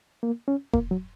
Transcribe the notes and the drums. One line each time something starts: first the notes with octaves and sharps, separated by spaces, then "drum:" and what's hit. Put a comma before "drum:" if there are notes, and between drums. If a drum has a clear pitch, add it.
A#3
C#4
A#3, drum: kick E1
F#3